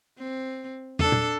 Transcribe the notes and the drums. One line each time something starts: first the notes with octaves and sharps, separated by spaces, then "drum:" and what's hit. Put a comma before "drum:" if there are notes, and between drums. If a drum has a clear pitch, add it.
C4
D4 A4, drum: tom
drum: tom A#2